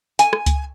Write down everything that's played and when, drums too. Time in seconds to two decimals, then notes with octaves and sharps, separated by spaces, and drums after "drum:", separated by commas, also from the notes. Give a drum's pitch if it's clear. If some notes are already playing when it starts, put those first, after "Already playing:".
0.19 G#5, drum: hi-hat
0.33 drum: rim click
0.46 drum: kick C#2, hi-hat